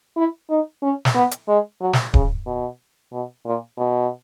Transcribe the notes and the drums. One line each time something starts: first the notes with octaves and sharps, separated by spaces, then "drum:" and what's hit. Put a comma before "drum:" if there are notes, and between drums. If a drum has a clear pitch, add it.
E4
D#4
C#4
drum: snare
B3
drum: hi-hat
G#3
F#3
drum: snare
C#3, drum: kick D1
B2
B2
A#2
B2